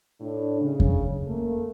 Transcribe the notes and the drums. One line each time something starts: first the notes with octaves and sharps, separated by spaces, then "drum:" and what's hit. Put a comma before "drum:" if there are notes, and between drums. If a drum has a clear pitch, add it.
A2 D4
C#3
drum: kick F2
A3 A#3